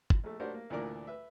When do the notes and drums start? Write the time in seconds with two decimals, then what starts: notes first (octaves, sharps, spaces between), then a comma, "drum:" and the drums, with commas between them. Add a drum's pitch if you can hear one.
0.10 drum: kick
0.24 A#1 A3
0.40 D4 F#4 G4 A#4 C5 C#5
0.54 A#3
0.70 D2 A#2 E3 D4 A#4 D6
1.07 B4 E5